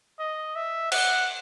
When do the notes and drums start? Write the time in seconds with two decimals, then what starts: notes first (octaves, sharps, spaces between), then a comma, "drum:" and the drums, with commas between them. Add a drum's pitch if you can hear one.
0.19 D#5
0.56 E5
0.92 F#5, drum: cymbal